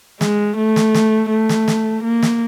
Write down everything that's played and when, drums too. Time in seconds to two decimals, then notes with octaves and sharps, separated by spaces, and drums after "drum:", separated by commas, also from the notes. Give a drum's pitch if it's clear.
0.21 G#3, drum: snare
0.57 A3
0.76 drum: snare
0.94 drum: snare
1.30 A3
1.49 drum: snare
1.68 drum: snare
2.04 A#3
2.22 drum: snare